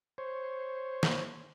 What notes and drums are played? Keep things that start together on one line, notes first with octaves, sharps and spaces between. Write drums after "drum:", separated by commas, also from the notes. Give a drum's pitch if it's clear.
C5 C#5
drum: snare